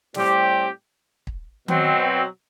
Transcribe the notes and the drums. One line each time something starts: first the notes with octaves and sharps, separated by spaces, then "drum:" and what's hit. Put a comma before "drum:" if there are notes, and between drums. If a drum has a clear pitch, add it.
A2 G3 C4 G4 C5, drum: snare
drum: kick
B2 F#3 C4, drum: tom D#3